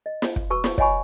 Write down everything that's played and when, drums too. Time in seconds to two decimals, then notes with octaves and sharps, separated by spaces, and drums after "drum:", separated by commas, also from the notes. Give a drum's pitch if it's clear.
0.06 D#5
0.22 drum: snare
0.36 drum: kick
0.50 F#4 B4 A5 C#6 E6
0.64 drum: snare
0.78 C#5 D#5 F#5 G#5 B5 C#6, drum: kick